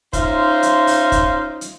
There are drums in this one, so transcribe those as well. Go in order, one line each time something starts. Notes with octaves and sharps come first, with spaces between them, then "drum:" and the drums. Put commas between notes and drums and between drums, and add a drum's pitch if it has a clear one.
C#4 D#4 F4 C5 E5 F5, drum: kick, hi-hat
drum: hi-hat
drum: open hi-hat
drum: kick, hi-hat
drum: hi-hat